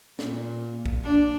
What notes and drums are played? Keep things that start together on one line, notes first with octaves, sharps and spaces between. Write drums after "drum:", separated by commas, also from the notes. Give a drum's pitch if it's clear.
A#2, drum: snare
drum: kick
D4